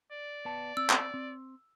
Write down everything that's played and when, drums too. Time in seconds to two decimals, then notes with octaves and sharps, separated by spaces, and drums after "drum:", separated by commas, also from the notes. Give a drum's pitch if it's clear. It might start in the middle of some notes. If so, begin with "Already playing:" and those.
0.12 D5
0.45 B3 A5
0.77 C4 E6
0.90 drum: clap
1.14 C4